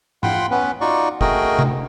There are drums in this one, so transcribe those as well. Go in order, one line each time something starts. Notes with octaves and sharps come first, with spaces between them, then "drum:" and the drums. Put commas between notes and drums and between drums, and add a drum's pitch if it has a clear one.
F4 F#5 G5 B5 C6, drum: tom G#2
B3 C#4 B4
D#4 F4 F#4 D5 C#6
A3 F#4 G#4 A#4 D#5 G5, drum: kick
drum: tom C3